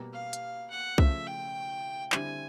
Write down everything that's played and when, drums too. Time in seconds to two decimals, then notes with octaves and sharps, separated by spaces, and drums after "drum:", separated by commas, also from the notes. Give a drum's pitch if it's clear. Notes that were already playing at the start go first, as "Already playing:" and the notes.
Already playing: B2 G3 A#3
0.13 F5
0.33 drum: hi-hat
0.70 F#5
0.98 C#3 F3 A3 E5, drum: kick C2
1.27 G5
2.12 D3 G3 C4 E4 G#5, drum: clap